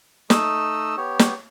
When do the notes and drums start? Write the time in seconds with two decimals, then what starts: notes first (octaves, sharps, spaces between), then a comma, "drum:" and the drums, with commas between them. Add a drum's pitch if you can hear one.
0.30 A3 D#4 D#5 E6, drum: snare
0.97 B3 G4 C#5
1.19 drum: snare